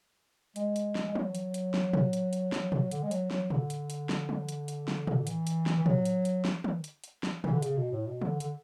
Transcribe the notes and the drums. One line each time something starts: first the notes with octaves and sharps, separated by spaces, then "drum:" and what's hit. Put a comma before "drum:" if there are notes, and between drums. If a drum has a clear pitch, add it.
G#3, drum: hi-hat
drum: hi-hat
drum: snare
G#3
F#3, drum: tom
drum: hi-hat
drum: hi-hat
drum: snare
drum: tom
drum: hi-hat
drum: hi-hat
drum: snare
drum: tom
D3, drum: hi-hat
G#3
F#3, drum: hi-hat
F#3, drum: snare
D3, drum: tom
drum: hi-hat
drum: hi-hat
drum: snare
drum: tom
drum: hi-hat
drum: hi-hat
drum: snare
drum: tom
E3, drum: hi-hat
drum: hi-hat
drum: snare
E3
F#3, drum: tom
drum: hi-hat
drum: hi-hat
drum: snare
drum: tom
drum: hi-hat
drum: hi-hat
drum: snare
E3, drum: tom
D3
C#3, drum: hi-hat
B2
A2
B2
D3, drum: tom
D3, drum: hi-hat